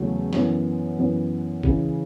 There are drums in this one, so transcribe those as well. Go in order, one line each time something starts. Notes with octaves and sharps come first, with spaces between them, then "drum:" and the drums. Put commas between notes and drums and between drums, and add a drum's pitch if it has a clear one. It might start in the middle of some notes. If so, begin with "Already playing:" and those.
Already playing: E2 C#3 F#3 A3
F#2 E3 B3, drum: snare
F#2 E3 B3
C#3 E3 G#3, drum: kick